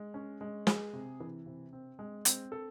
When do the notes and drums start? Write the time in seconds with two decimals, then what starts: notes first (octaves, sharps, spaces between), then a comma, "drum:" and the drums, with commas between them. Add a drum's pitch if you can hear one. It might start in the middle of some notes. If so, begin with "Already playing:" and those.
Already playing: G#3
0.14 C#4
0.41 G#3
0.67 G#4, drum: snare
0.93 C3
1.20 E3
1.46 C3
1.73 C4
1.99 G#3
2.25 C4, drum: hi-hat
2.52 A4